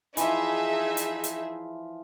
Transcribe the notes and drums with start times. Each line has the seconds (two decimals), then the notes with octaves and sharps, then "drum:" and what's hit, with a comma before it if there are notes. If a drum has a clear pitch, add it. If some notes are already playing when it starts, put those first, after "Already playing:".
0.17 E3 F3 D#4 G#4 E5, drum: hi-hat
0.97 drum: hi-hat
1.24 drum: hi-hat